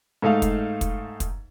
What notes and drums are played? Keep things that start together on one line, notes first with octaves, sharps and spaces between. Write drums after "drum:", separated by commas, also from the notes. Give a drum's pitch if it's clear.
G#2 A3 D#4 F5
drum: kick, hi-hat
drum: kick, hi-hat
drum: kick, hi-hat